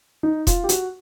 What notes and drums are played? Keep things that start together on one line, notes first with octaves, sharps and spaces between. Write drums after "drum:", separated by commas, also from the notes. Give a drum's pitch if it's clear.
D#4
F4, drum: kick E1, hi-hat
G4
F#4, drum: hi-hat